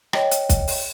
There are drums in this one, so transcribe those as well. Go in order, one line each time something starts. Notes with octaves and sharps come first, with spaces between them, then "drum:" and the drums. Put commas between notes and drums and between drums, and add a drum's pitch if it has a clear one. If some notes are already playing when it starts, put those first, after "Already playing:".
C#5 D#5 G5, drum: rim click
drum: hi-hat
drum: kick, hi-hat
drum: open hi-hat